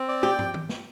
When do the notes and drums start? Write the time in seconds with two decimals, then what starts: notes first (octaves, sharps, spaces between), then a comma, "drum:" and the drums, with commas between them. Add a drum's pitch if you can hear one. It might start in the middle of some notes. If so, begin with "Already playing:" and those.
Already playing: C4
0.08 D5
0.23 G4 G5
0.39 drum: tom
0.54 drum: tom
0.69 drum: snare